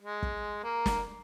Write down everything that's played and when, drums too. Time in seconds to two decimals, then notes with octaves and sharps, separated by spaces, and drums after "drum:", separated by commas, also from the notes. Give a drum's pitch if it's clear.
0.02 G#3
0.23 drum: kick
0.64 A#3
0.86 drum: snare